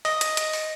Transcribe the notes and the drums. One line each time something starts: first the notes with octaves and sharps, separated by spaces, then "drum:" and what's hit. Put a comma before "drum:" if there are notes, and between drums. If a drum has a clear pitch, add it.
D#5, drum: open hi-hat
drum: hi-hat
drum: hi-hat
drum: open hi-hat